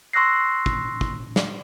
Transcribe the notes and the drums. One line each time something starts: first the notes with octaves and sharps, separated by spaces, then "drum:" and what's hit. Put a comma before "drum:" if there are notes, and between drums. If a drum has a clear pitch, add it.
C6 C#6 E6 F#6 A#6 C7
drum: kick
drum: kick
drum: snare